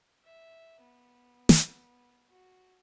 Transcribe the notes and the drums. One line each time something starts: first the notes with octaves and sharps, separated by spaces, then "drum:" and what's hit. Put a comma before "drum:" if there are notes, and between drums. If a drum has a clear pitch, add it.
E5
B3
drum: snare
F#4